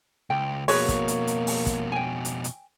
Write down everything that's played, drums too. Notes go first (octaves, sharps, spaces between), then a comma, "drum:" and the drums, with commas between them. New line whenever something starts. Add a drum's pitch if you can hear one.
C#2 G5
F2 B2 A#3 F#4 G#4 B4 C#5, drum: open hi-hat
drum: kick, hi-hat
drum: hi-hat
drum: hi-hat
drum: open hi-hat
drum: kick, hi-hat
G5 G#5
drum: hi-hat
drum: hi-hat